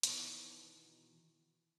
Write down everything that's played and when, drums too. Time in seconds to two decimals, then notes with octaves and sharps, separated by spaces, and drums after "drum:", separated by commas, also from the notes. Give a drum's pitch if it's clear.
0.03 B2 D#3 E3 B3, drum: hi-hat